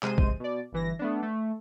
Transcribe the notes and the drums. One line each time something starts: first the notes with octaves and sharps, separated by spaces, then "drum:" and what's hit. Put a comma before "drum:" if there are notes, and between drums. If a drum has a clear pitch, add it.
C3 G#3 C5 D#7, drum: clap
drum: kick
B2 D5
G1 E3 A#6
A3 B3 D4
A3